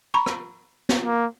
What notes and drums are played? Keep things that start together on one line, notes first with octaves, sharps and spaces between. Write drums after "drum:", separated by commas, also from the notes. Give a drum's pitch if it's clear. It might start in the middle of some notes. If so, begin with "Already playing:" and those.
A#5 B5 C#6
drum: rim click
drum: snare
A#3